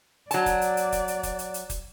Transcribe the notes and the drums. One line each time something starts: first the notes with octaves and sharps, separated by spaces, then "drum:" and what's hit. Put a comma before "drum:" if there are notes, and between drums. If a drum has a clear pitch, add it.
F#3 D5 A5, drum: hi-hat
drum: kick, hi-hat
drum: hi-hat
drum: hi-hat
drum: kick, hi-hat
drum: hi-hat
drum: kick, hi-hat
drum: hi-hat
drum: hi-hat
drum: kick, hi-hat